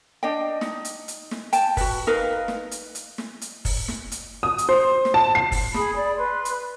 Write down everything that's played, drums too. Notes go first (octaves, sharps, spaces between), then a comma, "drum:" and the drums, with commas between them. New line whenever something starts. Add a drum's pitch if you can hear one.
D4 D#5 G5
D#4, drum: snare
drum: hi-hat
drum: hi-hat
drum: snare
G5 A5, drum: hi-hat
F#4 B4, drum: kick, open hi-hat
D#4 A#4 B4 F5
drum: snare
drum: hi-hat
drum: hi-hat
drum: snare
drum: hi-hat
drum: kick, open hi-hat
drum: snare
drum: hi-hat
D#6
drum: hi-hat
C5
drum: snare
A5
C7
drum: kick, open hi-hat
G#4 B5 D#6, drum: snare
D5 B5
B4 C6
drum: hi-hat